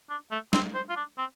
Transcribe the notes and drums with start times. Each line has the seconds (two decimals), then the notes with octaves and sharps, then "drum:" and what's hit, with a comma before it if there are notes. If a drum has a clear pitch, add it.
0.09 D4
0.31 A3
0.53 C4, drum: snare
0.74 C5
0.89 F4
0.96 D4
1.18 C4